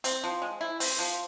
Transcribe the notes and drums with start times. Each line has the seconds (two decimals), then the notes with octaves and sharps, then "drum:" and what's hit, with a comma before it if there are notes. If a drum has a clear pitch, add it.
0.04 C4, drum: hi-hat
0.24 F3
0.42 G#3
0.61 E4
0.80 C4, drum: open hi-hat
0.99 F3